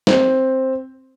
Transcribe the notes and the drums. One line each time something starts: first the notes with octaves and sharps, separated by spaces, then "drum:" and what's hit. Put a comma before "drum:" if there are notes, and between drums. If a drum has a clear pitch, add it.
C4, drum: snare